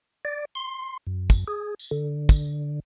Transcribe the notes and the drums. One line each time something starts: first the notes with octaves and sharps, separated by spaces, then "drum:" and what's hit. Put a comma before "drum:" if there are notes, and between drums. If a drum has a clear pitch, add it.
D5
C6
F#2
drum: kick, tambourine
G#4
drum: tambourine
D3
drum: kick, tambourine